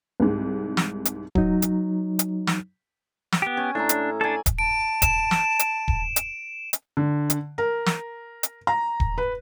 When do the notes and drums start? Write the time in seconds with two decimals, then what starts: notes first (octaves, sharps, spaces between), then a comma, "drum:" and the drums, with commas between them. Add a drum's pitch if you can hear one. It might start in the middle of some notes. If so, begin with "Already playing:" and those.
0.20 C2 G#2
0.77 drum: snare
1.05 drum: hi-hat
1.35 F#3 D#4, drum: kick D#1
1.62 drum: hi-hat
2.19 drum: hi-hat
2.47 drum: snare
3.32 drum: snare
3.42 B3 G4
3.57 C#4 G#5
3.75 A2 D4 E5 A#5
3.89 drum: hi-hat
4.21 D4 A4 D5 G#5
4.46 drum: kick D#1, hi-hat
4.59 A5 D7
5.02 E7, drum: kick D#1, hi-hat
5.31 drum: snare
5.59 drum: hi-hat
5.88 drum: kick D#1
6.16 drum: hi-hat
6.73 drum: hi-hat
6.97 D3
7.30 drum: hi-hat
7.58 A#4
7.86 drum: snare
8.43 drum: hi-hat
8.67 A#5
9.00 drum: kick D#1
9.18 B4